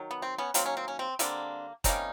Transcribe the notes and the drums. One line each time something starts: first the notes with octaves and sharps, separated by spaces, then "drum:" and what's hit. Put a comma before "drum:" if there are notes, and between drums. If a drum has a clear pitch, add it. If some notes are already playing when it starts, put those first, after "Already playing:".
Already playing: D#3 F#3
B3
C4
B3 C#4
D#3 F#3 A#3 C4, drum: hi-hat
C#4
C4
C#4
C4
D3 G3 A#3 C4 D4, drum: hi-hat
C3 D#3 G3 A#3 C#4 D#4, drum: kick F#1, hi-hat